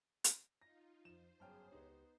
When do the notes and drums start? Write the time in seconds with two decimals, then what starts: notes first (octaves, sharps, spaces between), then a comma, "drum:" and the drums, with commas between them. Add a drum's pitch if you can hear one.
0.24 drum: hi-hat
0.62 D#4 F4 A#6
1.05 F2 F3 C5 E7
1.40 G1 F#2 G#4 C#5 G5 A5 F6
1.72 C#2 B3 D#4 G4